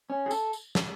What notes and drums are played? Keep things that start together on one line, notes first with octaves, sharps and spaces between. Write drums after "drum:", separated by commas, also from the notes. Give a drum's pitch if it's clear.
C#4
G#4
A4, drum: tambourine
drum: tambourine
drum: snare